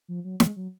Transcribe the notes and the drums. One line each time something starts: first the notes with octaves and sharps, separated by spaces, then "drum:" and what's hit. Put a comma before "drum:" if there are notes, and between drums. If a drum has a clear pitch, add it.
F3
F#3
G#3, drum: snare
F#3